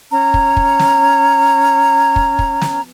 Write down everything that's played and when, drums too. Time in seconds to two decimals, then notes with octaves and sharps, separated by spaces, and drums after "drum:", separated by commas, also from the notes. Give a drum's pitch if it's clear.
0.11 C#4 A#5
0.34 drum: kick
0.57 drum: kick
0.79 drum: snare
2.16 drum: kick
2.39 drum: kick
2.61 drum: snare